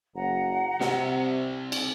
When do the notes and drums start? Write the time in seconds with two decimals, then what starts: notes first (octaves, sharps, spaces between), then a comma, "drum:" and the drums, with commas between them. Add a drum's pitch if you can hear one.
0.14 F#1 F#5 A#5
0.81 C3 G3 C4 G4, drum: snare
1.72 drum: cymbal